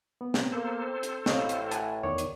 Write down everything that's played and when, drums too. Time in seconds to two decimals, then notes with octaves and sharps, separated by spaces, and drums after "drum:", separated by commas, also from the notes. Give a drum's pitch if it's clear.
0.21 B3
0.34 drum: snare
0.52 A#3 A4 C5
0.84 C4
1.03 drum: hi-hat
1.26 A1 A2 C#5 D#5 F5, drum: snare
1.49 drum: hi-hat
1.71 F#5 G#5 A5, drum: hi-hat
2.04 E2 D#3 C#5 D5
2.18 drum: hi-hat